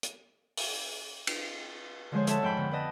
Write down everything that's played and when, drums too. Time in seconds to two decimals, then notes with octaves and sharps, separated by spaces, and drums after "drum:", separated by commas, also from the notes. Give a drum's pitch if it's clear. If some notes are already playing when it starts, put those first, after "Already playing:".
0.03 drum: hi-hat
0.57 drum: open hi-hat
1.27 drum: cymbal
2.12 D3 F3 G#3 G#4 C5 C#5
2.27 A4 C#5 E5 F#5 A5, drum: hi-hat
2.42 F2 G#2 F3 G5 G#5 B5
2.57 D3 B3
2.71 B3 B4 D5 D#5 A5